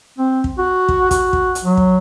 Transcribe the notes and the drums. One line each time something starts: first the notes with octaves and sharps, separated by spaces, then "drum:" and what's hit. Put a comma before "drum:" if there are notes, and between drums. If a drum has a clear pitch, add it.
C4
drum: kick
F#4
drum: kick
F#4, drum: kick, hi-hat
drum: kick
drum: hi-hat
F#3
drum: kick